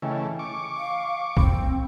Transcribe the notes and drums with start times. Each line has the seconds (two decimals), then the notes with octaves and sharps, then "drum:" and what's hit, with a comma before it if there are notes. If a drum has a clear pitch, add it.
0.02 C#3 E3 A3 D#5 G5 G#5
0.39 C#6 D6
0.78 F5
1.37 C4 B5, drum: kick